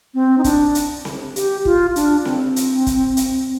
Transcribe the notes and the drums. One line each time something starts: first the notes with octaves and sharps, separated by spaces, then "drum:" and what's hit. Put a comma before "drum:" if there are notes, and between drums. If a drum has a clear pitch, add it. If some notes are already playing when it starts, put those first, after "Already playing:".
C4
D#4
D4, drum: kick, hi-hat
drum: hi-hat
drum: snare C4
G4, drum: hi-hat
F4, drum: kick
D4, drum: hi-hat
C4, drum: snare C4
drum: hi-hat
drum: kick, hi-hat
drum: hi-hat